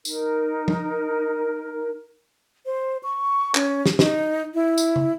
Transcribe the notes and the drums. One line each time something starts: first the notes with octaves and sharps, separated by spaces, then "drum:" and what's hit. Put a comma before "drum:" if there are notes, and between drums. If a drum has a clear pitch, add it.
D#4 A#4, drum: tambourine
drum: tom
C5
C#6
C#4, drum: clap
drum: snare
D#4, drum: snare
E4
drum: tambourine
drum: tom